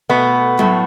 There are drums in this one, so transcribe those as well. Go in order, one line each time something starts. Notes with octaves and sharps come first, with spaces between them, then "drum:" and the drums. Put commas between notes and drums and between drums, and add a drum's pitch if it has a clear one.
B2 A3 B3
A2 F#3 A3, drum: tom F#3